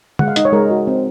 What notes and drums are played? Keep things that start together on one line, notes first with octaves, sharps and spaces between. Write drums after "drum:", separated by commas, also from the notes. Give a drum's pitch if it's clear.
G#3 F#5, drum: tom
F5
D#4 D#5, drum: hi-hat
C#5
G#3 A#4
F#4
C4